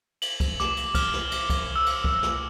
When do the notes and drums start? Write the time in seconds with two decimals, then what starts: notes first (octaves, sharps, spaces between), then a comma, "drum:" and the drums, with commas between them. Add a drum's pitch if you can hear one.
0.22 F#7, drum: cymbal
0.40 drum: kick C2, cymbal
0.60 D6, drum: snare
0.77 drum: cymbal
0.95 F6, drum: kick C2, cymbal
1.13 drum: snare
1.31 drum: cymbal
1.50 drum: kick C2, cymbal
1.76 E6
1.86 drum: cymbal
2.04 drum: kick C2
2.23 drum: snare